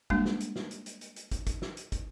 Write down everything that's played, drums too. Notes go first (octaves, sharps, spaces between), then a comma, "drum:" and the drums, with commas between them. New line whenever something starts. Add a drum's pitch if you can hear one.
G3 G#3 A#3 D4 F#4, drum: kick
drum: snare
drum: hi-hat
drum: snare
drum: hi-hat
drum: hi-hat
drum: hi-hat
drum: hi-hat
drum: kick, hi-hat
drum: kick, hi-hat
drum: snare
drum: hi-hat
drum: kick, hi-hat